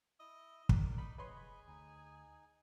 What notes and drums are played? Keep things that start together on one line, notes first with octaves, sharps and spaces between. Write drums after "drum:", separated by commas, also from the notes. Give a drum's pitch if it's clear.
E4 D#5 E6
G1 A#4 D5, drum: kick
D#4 B5
F1 G#4 B4 C#5 D#5 B5 C6
D2 D#4 G#5